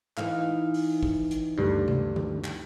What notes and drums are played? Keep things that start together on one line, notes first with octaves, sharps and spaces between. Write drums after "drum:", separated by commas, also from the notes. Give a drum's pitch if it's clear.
E3 D#4 F5, drum: clap
drum: open hi-hat
drum: kick
drum: hi-hat
D2 G2
drum: tom C3
drum: tom D3
drum: clap